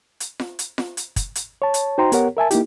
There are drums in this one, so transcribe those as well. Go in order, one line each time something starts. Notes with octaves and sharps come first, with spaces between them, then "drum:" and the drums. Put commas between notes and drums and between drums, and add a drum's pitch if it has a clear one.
drum: hi-hat
drum: snare F4
drum: hi-hat
drum: snare F4
drum: hi-hat
drum: kick, hi-hat
drum: hi-hat
C#5 A5
drum: hi-hat
D#4 F#4 C5 G5 A#5 C6
B3 G4 A#4 C#5 F#5, drum: hi-hat
A#4 E5 G#5 A5
A#3 D#4 E4 G4, drum: hi-hat